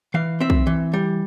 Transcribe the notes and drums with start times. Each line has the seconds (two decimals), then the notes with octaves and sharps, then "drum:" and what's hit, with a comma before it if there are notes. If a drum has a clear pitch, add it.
0.14 E3 F5
0.40 C4 E5
0.50 drum: kick B1
0.67 E3
0.93 G3